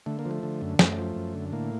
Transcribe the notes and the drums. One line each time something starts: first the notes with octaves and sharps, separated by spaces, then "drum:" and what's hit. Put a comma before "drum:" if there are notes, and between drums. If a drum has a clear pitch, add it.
D3 A3
A#3
F3
A3
D3
F#2
F#2 A3, drum: snare
F3
F#2
D3
A2 A#3